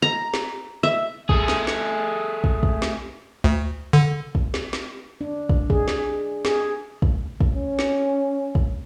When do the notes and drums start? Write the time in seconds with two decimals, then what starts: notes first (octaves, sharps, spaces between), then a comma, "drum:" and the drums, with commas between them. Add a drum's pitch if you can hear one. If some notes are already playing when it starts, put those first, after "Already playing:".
0.02 A#5
0.34 drum: snare
0.83 E5
1.29 A3 G#4, drum: kick
1.48 drum: snare
1.67 drum: snare
2.44 drum: kick
2.63 drum: kick
2.82 drum: snare
3.44 D2
3.93 D3
4.35 drum: kick
4.54 drum: snare
4.73 drum: snare
5.21 D4
5.49 drum: kick
5.70 G#4, drum: kick
5.88 drum: snare
6.45 G#4, drum: snare
7.02 drum: kick
7.40 drum: kick
7.54 C#4
7.79 drum: snare
8.55 drum: kick